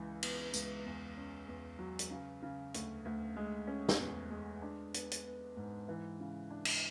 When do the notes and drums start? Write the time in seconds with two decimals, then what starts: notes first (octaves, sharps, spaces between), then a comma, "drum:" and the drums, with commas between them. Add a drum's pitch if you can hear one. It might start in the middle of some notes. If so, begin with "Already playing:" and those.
Already playing: C#2 E3
0.23 B3, drum: cymbal
0.54 C#2, drum: tambourine
0.86 E2
1.17 C#4
1.48 E2
1.79 F#3
1.99 drum: hi-hat
2.11 C#3
2.43 C#3
2.74 D2, drum: hi-hat
3.05 D2
3.36 G#3
3.67 C#4
3.89 drum: snare
4.00 E2
4.30 G#3
4.62 D4
4.94 B3, drum: hi-hat
5.11 drum: hi-hat
5.25 B3
5.57 G#2
5.88 E3
6.20 C#3
6.50 D4
6.65 drum: cymbal